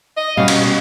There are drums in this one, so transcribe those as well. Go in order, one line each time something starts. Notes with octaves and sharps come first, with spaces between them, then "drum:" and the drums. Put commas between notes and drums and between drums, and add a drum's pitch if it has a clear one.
D#5
B2 G3 C#4 F#4 F5
drum: cymbal